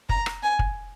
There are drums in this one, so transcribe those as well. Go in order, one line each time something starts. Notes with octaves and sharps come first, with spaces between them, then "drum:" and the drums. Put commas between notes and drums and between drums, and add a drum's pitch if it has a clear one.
A#5, drum: kick
drum: rim click
G#5
drum: kick